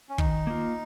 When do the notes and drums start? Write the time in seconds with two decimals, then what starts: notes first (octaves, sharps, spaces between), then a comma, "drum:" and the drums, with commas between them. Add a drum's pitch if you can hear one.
0.09 C#4
0.18 D#3 D#4, drum: kick
0.47 A#3 F4